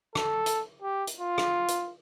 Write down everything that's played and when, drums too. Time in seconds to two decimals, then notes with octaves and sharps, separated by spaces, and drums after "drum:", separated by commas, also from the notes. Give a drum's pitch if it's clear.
0.15 A4, drum: rim click
0.46 drum: hi-hat
0.82 G4
1.07 drum: hi-hat
1.19 F4
1.38 drum: rim click
1.68 drum: hi-hat